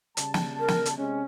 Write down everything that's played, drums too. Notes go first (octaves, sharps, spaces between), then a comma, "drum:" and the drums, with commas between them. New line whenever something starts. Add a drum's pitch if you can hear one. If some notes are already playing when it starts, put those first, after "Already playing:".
C#3 G3 A5, drum: hi-hat
drum: snare
A#4
drum: snare
drum: hi-hat
C3 G#3 C#4